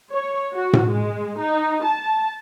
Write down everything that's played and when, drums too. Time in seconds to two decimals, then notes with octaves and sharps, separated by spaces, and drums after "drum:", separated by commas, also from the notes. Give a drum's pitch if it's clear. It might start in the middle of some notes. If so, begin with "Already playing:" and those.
0.12 C#5
0.53 F#4
0.73 drum: tom A2
0.90 G#3
1.39 D#4
1.84 A5